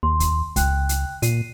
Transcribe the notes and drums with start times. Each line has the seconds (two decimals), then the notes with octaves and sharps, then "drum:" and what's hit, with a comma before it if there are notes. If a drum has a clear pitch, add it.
0.03 D#2 C6
0.20 drum: kick, hi-hat
0.56 C#2 G5 F#6, drum: kick, hi-hat
0.89 drum: hi-hat
1.22 A#2 C7 D#7, drum: hi-hat